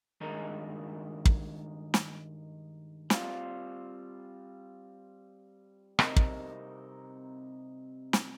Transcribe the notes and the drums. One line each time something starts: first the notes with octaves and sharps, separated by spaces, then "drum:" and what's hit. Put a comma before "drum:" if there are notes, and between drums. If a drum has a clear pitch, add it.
G2 D#3 G#3 D#4 A#4
drum: kick
drum: snare
G3 C4 F4, drum: snare
C3 G3 C4 D#4 A#4, drum: rim click
drum: kick
drum: snare